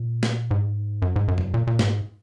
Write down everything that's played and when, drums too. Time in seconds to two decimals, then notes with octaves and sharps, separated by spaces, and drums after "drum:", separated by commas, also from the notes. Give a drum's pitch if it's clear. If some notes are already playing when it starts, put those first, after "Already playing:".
Already playing: A#2
0.23 drum: snare
0.51 G#2
1.02 F#2
1.16 G#2
1.28 F#2
1.38 drum: tom E2
1.54 A#2
1.67 A#2
1.79 G#2, drum: snare